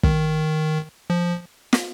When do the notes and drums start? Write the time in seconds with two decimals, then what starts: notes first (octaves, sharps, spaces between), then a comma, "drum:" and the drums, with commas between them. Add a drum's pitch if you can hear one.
0.03 D#3, drum: kick
1.10 F3
1.73 drum: snare